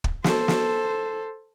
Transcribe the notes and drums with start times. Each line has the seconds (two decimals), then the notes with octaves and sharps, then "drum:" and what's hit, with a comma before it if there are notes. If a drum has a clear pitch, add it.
0.04 drum: kick
0.24 A4 C5, drum: snare
0.48 drum: snare